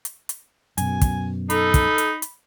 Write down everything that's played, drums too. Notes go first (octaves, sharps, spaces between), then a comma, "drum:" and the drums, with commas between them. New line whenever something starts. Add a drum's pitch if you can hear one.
drum: hi-hat
drum: hi-hat
F#2 B2 G#5, drum: hi-hat
drum: kick, hi-hat
D#4 A4 B5, drum: hi-hat
drum: kick, hi-hat
drum: hi-hat
drum: hi-hat